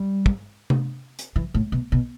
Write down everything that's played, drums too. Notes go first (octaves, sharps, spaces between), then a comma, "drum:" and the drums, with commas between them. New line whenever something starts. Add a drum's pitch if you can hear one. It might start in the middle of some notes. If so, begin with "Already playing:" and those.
Already playing: G3
drum: kick
drum: tom C3
drum: hi-hat
E3
A2
B2
B2